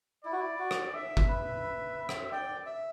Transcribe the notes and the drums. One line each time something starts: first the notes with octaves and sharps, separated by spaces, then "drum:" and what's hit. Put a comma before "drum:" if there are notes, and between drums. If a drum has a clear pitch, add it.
E4 D5
F#4
E4
F#4
drum: rim click
E5
drum: kick G1
B4
drum: rim click
D5 G5
E5